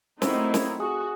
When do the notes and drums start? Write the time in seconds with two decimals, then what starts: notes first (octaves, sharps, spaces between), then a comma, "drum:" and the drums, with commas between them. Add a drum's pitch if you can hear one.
0.22 F#3 A3 A#3 C4 D#4 E4 C5 D#5, drum: snare
0.54 drum: snare
0.80 F#4 G#4 G#5 D#6